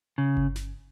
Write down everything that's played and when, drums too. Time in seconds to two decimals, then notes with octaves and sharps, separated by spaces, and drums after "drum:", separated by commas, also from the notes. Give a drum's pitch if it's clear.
0.18 C#3
0.37 drum: kick G1
0.56 drum: snare